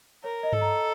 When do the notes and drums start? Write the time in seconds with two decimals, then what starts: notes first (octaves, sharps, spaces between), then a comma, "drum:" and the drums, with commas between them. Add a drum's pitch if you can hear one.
0.24 A#4 C#5
0.43 D#5
0.53 A4, drum: tom G2
0.61 A#5